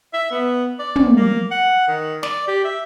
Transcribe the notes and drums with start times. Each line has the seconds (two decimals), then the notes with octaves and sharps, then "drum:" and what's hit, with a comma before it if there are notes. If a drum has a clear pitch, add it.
0.14 E5
0.31 B3
0.79 D5
0.96 drum: tom
1.17 A#3
1.52 F#5
1.88 D#3
2.23 D5, drum: snare
2.48 G4
2.65 E5